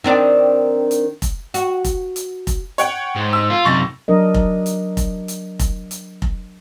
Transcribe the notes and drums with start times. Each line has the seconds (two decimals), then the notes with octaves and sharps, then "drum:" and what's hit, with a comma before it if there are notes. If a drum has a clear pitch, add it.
0.04 D#3 C4 D4
0.91 drum: hi-hat
1.22 drum: kick F1, hi-hat
1.54 F#4, drum: hi-hat
1.84 drum: kick F1, hi-hat
2.16 drum: hi-hat
2.47 drum: kick F1, hi-hat
2.78 C#5 F#5 G5, drum: hi-hat
3.16 G#2
3.33 E6
3.50 F4
3.65 F#2 C3 C#6 A6 A#6
4.08 F#3 D4 A#4 D#5
4.34 drum: kick F1
4.66 drum: hi-hat
4.97 drum: kick F1, hi-hat
5.28 drum: hi-hat
5.59 drum: kick F1, hi-hat
5.91 drum: hi-hat
6.22 drum: kick F1